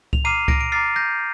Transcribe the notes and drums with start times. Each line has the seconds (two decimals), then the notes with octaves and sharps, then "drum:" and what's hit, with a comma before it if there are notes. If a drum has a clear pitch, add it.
0.13 F7, drum: kick C#2
0.25 A#5 D6 F6 C7 D#7
0.48 A#6 D7, drum: kick C#2
0.61 D7
0.72 A#5 D6 F6 A6 C7
0.96 G6 A#6